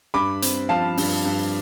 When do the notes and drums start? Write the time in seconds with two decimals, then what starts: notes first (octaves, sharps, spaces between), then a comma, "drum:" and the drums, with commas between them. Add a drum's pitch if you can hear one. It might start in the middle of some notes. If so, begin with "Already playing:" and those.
0.14 G2 B5 D6
0.42 C4, drum: hi-hat
0.69 F3 F5 A5
0.97 G2, drum: open hi-hat
1.25 G2